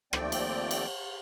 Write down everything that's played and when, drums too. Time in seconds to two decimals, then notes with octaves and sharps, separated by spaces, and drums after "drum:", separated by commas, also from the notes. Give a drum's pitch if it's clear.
0.13 D#2 F3 A3 C4 D5 G5, drum: rim click
0.32 drum: cymbal
0.71 drum: cymbal